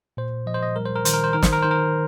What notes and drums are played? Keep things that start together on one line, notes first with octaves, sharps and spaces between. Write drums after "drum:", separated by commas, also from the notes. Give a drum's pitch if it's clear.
A#2 C5
F3 D#5
C5
D#5
G3 A#4
C5
A#4
D#3 C5, drum: hi-hat
A#4
C5
D#3 A#4
C5, drum: snare
A#4
D#3 C5
A#4